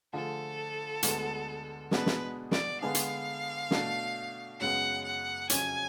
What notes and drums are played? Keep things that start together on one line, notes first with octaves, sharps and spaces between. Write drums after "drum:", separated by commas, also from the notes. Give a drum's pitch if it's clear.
D3 F3 A3 F4 G#4 A4
D2 D3 G#3 B3, drum: hi-hat
B2 G#3 B3 D4 B4, drum: snare
drum: snare
D5, drum: snare
D3 G#3 B3 D4 G#4 F5
drum: hi-hat
B2 A3 D4, drum: snare
F#2 C#3 G#3 B3 F#5
F#5
F2 C#3 F#3 C#4 G#5, drum: hi-hat